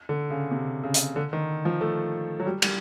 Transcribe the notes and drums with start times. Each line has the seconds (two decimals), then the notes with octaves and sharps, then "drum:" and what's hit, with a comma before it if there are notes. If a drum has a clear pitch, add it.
0.09 D3
0.30 C#3
0.51 C3
0.84 C#3
0.94 drum: hi-hat
1.16 D3
1.33 D#3
1.65 F3
1.81 A3
2.40 F#3
2.46 G3
2.62 G3, drum: cymbal